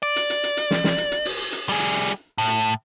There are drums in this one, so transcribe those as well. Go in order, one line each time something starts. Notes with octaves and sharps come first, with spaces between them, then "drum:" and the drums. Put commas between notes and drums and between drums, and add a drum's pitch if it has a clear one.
D5
drum: hi-hat
drum: hi-hat
drum: hi-hat
drum: hi-hat
drum: snare
drum: snare
drum: hi-hat
drum: hi-hat
drum: open hi-hat
drum: hi-hat
G3 G#4
drum: hi-hat
drum: hi-hat
drum: hi-hat
A2
drum: hi-hat